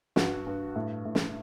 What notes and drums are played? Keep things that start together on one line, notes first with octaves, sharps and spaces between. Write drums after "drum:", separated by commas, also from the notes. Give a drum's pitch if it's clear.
G2 F#4, drum: snare
G2
A2
A2
drum: snare